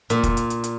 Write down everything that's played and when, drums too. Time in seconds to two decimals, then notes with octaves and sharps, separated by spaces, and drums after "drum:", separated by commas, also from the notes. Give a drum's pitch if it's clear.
0.10 A#2, drum: hi-hat
0.23 drum: kick, hi-hat
0.37 drum: hi-hat
0.50 drum: hi-hat
0.64 drum: hi-hat